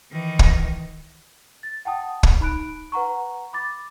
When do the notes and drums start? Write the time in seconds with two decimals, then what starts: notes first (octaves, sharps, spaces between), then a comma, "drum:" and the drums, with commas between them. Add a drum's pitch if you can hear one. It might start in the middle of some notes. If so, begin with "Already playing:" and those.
0.11 D#3 E3
0.39 drum: kick
1.63 A6
1.85 F#5 G5 A5 D#6
2.23 drum: kick
2.41 D#4 B5 F#6 D7
2.92 B4 F#5 A#5 C#6
3.53 B5 D6 A6